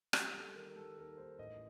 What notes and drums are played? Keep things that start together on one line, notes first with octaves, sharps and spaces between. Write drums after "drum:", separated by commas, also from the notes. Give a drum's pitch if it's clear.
G3 G4, drum: rim click
G3 A4
D#3 A#4
G3 A4
D#2 A#4
D#2 C5
A1 D#5